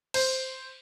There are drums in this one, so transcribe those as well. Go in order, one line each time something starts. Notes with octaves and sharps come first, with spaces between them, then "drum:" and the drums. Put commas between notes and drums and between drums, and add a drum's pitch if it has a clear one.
C5, drum: cymbal